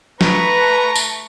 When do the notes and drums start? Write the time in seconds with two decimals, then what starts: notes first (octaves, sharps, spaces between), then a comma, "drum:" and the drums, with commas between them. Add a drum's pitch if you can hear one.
0.21 A3 B4 A#5 C#6, drum: snare
0.96 drum: tambourine